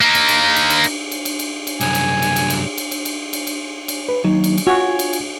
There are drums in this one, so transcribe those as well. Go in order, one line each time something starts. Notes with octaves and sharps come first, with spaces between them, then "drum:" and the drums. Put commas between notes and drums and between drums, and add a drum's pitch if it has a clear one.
A#3 D#4
drum: cymbal
drum: cymbal
drum: cymbal
drum: cymbal
drum: cymbal
drum: cymbal
drum: cymbal
drum: cymbal
drum: cymbal
C2 F#2 G#5, drum: cymbal
drum: cymbal
drum: cymbal
drum: cymbal
drum: cymbal
drum: cymbal
drum: cymbal
drum: cymbal
drum: cymbal
drum: cymbal
drum: cymbal
B4
D#2 F#3 D#4
drum: cymbal
drum: cymbal
F4 F#4 C#5 G#5 G#6
drum: cymbal
drum: cymbal